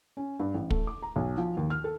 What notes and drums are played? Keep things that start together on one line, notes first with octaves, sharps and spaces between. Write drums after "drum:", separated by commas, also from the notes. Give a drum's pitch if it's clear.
C#4
G2
A1
A3, drum: kick
D6
A#5
B1
F3
D#2
F6
A4